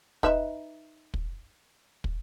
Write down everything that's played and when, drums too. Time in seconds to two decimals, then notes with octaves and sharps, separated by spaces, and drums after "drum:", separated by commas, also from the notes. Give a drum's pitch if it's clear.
0.23 D#4 B4 E5, drum: kick
1.14 drum: kick
2.04 drum: kick